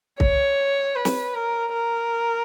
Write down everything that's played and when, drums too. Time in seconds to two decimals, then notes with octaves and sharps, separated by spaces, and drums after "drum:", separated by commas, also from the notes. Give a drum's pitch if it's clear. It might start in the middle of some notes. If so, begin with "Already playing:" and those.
0.20 C#5, drum: kick
0.96 B4
1.05 drum: snare
1.34 A#4
1.73 A#4